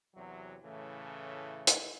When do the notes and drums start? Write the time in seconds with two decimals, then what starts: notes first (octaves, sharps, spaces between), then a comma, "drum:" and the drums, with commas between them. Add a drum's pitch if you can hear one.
0.14 E2 C3 F#3
0.63 A2 C#3 E3 A3
1.67 drum: hi-hat